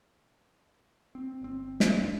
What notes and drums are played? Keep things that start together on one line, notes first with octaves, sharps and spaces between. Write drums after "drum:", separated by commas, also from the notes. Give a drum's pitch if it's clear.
C4
G1 C4
drum: snare
E1 A#1 F#2 D4